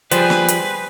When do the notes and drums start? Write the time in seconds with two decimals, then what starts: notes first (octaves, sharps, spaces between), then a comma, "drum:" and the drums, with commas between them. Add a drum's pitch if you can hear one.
0.11 F3 G3 G4 G#4 B4 C5, drum: hi-hat
0.30 drum: snare
0.48 drum: hi-hat